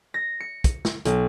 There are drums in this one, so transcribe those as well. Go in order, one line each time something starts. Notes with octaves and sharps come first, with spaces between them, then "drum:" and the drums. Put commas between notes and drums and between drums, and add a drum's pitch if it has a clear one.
A#6
C#7
drum: kick, hi-hat
drum: snare
B1, drum: hi-hat